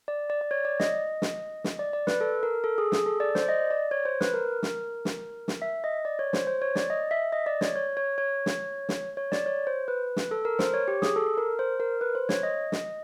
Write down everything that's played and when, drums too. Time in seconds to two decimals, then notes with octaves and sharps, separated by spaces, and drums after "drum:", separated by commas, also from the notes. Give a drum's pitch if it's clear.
0.08 D5
0.30 D5
0.41 D5
0.51 C#5
0.65 D5
0.80 D#5, drum: snare
1.22 drum: snare
1.64 drum: snare
1.79 D5
1.93 D5
2.07 B4, drum: snare
2.21 A4
2.43 A#4
2.64 A4
2.78 G#4
2.92 G#4, drum: snare
3.06 A4
3.20 D5
3.35 C5, drum: snare
3.43 D5
3.49 D#5
3.71 D5
3.91 C#5
4.05 C5
4.21 B4, drum: snare
4.34 A#4
4.63 drum: snare
5.05 drum: snare
5.48 drum: snare
5.62 E5
5.84 D#5
6.05 D5
6.19 C#5
6.33 C5, drum: snare
6.47 C5
6.62 C#5
6.75 D5, drum: snare
6.90 D#5
7.11 E5
7.33 D#5
7.46 D5
7.61 C#5, drum: snare
7.76 C#5
7.97 C#5
8.18 C#5
8.46 drum: snare
8.89 drum: snare
9.17 C#5
9.32 D5, drum: snare
9.46 C#5
9.67 C5
9.88 B4
10.16 drum: snare
10.31 A4
10.45 A#4
10.59 C5, drum: snare
10.74 C#5
10.88 G4
11.02 G#4, drum: snare
11.16 A4
11.37 A#4
11.59 C5
11.80 A#4
12.01 B4
12.15 C5
12.29 C#5, drum: snare
12.43 D#5
12.72 drum: snare